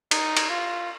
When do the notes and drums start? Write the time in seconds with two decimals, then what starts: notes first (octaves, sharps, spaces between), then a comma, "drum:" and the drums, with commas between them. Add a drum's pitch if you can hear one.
0.11 D#4, drum: cymbal
0.37 drum: cymbal
0.49 F4